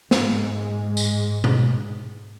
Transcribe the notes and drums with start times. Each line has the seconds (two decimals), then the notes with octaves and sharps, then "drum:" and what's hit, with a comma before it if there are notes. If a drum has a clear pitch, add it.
0.11 G#2 G#3, drum: snare
0.97 drum: tambourine
1.44 drum: tom B2